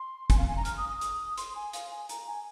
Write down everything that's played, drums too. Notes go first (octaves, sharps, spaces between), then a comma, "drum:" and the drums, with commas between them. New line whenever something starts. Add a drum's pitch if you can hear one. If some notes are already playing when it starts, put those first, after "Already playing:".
Already playing: C6
G#5, drum: kick, hi-hat
F5
G#5
A#5
F6, drum: hi-hat
D#6
D#6
drum: hi-hat
C6, drum: hi-hat
G#5
F5, drum: hi-hat
G#5
A#5, drum: hi-hat
G#5